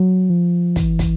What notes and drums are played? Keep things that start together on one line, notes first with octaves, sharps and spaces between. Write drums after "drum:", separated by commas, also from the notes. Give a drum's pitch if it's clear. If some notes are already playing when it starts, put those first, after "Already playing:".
Already playing: F#3
F3
E3, drum: kick, hi-hat
drum: kick, hi-hat